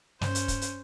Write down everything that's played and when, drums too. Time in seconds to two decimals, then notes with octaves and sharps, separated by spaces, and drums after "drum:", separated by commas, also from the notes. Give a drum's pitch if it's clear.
0.21 G2 C#4 C5, drum: snare
0.35 drum: hi-hat
0.48 drum: kick, hi-hat
0.62 drum: hi-hat